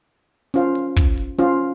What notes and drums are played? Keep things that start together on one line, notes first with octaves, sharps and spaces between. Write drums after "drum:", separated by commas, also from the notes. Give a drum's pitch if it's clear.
C#4 F4 C5 F5, drum: hi-hat
drum: hi-hat
drum: kick
drum: hi-hat
C#4 F4 C5 F5, drum: hi-hat